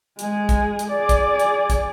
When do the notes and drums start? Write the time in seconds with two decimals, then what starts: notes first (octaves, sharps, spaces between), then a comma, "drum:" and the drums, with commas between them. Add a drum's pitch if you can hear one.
0.19 G#3 G#4, drum: hi-hat
0.49 drum: kick, hi-hat
0.79 drum: hi-hat
0.89 G#4 D5
1.09 drum: kick, hi-hat
1.39 drum: hi-hat
1.70 drum: kick, hi-hat